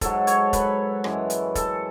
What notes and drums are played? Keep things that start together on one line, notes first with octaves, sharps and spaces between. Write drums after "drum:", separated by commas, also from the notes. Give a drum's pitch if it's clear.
G#2 F#3 A4, drum: kick, hi-hat
C#5, drum: hi-hat
B4, drum: kick, hi-hat
F#2 E3 G#3, drum: rim click
drum: hi-hat
A4, drum: kick, hi-hat